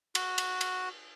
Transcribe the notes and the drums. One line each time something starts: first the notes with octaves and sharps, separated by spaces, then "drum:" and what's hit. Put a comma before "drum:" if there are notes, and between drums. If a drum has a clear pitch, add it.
F#4, drum: cymbal
drum: cymbal
drum: cymbal